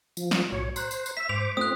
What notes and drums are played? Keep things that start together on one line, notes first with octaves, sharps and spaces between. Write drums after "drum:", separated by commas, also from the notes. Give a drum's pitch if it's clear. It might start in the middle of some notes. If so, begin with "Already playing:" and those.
F3, drum: tambourine
drum: snare
B1 A2 F#4 C#5
C5 A#5 C6 F#6, drum: tambourine
drum: tambourine
drum: tambourine
E5 B6
G#2 C5 D6 F7
A3 C4 D#4 F4 D#6 F#6